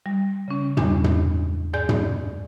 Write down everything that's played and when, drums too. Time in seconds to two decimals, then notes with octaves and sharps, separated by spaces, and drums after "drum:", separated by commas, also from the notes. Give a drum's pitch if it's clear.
0.06 G3
0.48 C#3 C#4
0.77 E2 A2 G3 D4, drum: tom
1.04 drum: tom
1.73 G#2 G#4 D5 G#5 G6
1.89 drum: tom